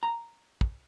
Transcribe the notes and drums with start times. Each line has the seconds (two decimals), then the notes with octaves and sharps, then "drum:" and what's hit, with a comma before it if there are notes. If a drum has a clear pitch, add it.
0.03 A#5
0.61 drum: kick